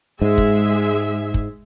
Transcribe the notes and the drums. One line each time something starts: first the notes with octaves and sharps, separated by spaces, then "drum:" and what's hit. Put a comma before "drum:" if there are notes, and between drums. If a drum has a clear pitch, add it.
G#2 G#3 G#4 E5
drum: kick
drum: kick